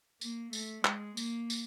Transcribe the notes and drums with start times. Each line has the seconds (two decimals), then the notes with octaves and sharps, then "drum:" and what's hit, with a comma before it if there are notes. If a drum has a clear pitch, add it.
0.21 A#3, drum: tambourine
0.53 A3, drum: tambourine
0.85 G#3, drum: clap
1.17 A#3, drum: tambourine
1.50 drum: tambourine